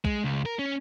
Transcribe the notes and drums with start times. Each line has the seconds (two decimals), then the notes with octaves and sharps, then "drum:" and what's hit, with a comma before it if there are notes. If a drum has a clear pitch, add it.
0.05 G#3, drum: kick
0.24 C#2
0.46 A#4
0.59 C#4